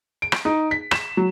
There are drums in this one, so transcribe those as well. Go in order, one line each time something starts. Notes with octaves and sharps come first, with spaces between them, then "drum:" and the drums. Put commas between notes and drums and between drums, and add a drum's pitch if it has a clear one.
D7
drum: rim click
D#4
B6
E7, drum: rim click
F#3